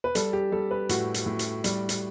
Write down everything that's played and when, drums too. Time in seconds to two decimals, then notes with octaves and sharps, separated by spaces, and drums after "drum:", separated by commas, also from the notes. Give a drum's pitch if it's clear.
0.04 B4
0.15 G3 A4, drum: hi-hat
0.33 G4
0.52 G3 A4
0.71 B4
0.89 A2 F#4, drum: hi-hat
1.14 drum: hi-hat
1.26 A2
1.39 drum: hi-hat
1.64 G3, drum: hi-hat
1.89 drum: hi-hat